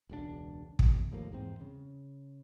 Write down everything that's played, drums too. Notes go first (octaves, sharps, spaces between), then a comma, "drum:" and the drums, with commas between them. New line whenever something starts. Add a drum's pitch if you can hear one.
E1 C#2 C3 D4
A1 E2 B2, drum: kick
D#2 A2 F3 A#3
E2 G#2 C4
C#3